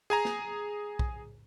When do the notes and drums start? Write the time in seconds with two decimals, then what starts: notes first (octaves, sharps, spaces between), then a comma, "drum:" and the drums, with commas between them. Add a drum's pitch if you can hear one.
0.10 G#4 G#5 A#5
0.25 drum: snare
0.99 drum: kick B1